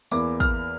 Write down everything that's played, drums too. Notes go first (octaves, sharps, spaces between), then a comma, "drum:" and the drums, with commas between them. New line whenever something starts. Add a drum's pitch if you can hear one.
E2 E3 A#3 D6, drum: tambourine
F6, drum: kick, tambourine